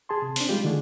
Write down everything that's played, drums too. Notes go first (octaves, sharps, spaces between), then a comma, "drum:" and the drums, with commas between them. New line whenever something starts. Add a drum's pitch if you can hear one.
G#4 A5 C6
C3
C4 D4, drum: open hi-hat
G3 G#3 F4 G4
D3 D#3 A3 D4 G#4